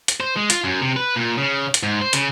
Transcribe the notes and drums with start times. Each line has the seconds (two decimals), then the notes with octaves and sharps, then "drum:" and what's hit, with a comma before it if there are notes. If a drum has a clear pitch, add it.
0.08 drum: hi-hat
0.20 C5
0.36 G#3
0.50 F4, drum: hi-hat
0.64 F#2
0.82 C3
0.97 B4
1.16 A#2
1.37 C#3
1.74 drum: hi-hat
1.83 G#2
2.02 C5
2.13 C#3, drum: hi-hat